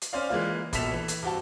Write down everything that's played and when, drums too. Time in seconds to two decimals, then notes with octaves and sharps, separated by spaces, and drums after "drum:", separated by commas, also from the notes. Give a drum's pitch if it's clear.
0.02 drum: hi-hat
0.13 C#4 C5 D5 F5
0.29 E3 G#3 A#3 F4
0.73 A#1 B2 A4 B6 E7 F7, drum: kick G1, hi-hat
0.91 E3
1.08 drum: hi-hat
1.23 G2 C4 F#4 A5